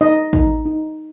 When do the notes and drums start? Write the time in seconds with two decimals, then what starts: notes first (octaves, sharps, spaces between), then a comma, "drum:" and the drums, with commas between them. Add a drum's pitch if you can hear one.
0.01 D#4 D#5
0.33 D#4, drum: kick
0.65 D#4